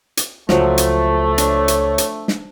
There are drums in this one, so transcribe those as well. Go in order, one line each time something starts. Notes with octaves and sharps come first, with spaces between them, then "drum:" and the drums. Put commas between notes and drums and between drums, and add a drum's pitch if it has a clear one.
drum: hi-hat
C#2 F3 F#3 A3, drum: snare
drum: hi-hat
D4 C#5, drum: hi-hat
drum: hi-hat
drum: hi-hat
drum: snare